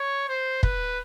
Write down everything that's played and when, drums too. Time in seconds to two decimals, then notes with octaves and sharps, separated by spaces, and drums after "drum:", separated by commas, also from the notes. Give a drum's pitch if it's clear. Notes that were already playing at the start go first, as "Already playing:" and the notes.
Already playing: C#5
0.29 C5
0.63 B4, drum: kick